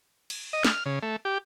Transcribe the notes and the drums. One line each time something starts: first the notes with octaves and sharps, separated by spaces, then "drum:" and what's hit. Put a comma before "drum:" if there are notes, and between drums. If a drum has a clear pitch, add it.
drum: cymbal
D#5
F6, drum: snare
C#3
A3
G4